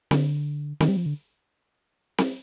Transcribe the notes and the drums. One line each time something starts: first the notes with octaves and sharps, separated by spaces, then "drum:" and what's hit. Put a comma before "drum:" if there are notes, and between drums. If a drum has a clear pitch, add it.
D3, drum: snare C4
D#3, drum: snare C4
G3
F3
D3
drum: snare C4